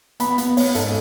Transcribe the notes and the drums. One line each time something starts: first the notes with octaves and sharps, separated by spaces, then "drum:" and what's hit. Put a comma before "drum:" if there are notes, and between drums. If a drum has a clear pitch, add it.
B3 B5, drum: hi-hat
B3, drum: hi-hat
B3 C#5, drum: open hi-hat
G#2 A4, drum: hi-hat